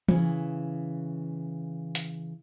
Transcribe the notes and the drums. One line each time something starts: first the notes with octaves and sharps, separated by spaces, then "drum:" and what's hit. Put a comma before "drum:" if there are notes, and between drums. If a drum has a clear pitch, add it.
C#3 E3, drum: tom E3
drum: hi-hat